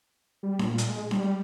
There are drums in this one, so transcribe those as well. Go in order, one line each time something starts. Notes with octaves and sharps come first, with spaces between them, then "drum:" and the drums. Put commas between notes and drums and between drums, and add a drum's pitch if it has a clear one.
G3
A#2, drum: snare D4
drum: hi-hat
G#3
G3, drum: snare D4